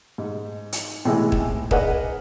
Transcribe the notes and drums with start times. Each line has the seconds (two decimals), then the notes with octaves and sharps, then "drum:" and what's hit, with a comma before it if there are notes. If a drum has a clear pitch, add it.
0.18 G#2
0.72 drum: hi-hat
1.05 A2 C3 E3 G#3 B3 E4
1.32 drum: kick
1.71 G#4 A#4 B4 D5 D#5 F#5, drum: kick